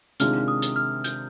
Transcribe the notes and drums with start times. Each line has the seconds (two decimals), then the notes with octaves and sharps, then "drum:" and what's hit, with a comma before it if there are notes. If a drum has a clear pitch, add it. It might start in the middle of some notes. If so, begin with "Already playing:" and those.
0.20 C3 D#3 G#3 D4 F4 F6, drum: hi-hat
0.48 D#6
0.62 drum: hi-hat
0.76 F6
1.04 G6, drum: hi-hat